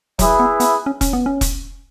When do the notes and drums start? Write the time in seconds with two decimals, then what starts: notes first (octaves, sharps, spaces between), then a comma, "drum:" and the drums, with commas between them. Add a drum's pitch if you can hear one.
0.19 F#3 E4 G#4 B4 E5, drum: kick E1, hi-hat
0.40 B3
0.60 B3, drum: hi-hat
0.86 C#4
1.01 C#4, drum: kick E1, hi-hat
1.13 B3
1.26 C#4
1.41 drum: kick E1, hi-hat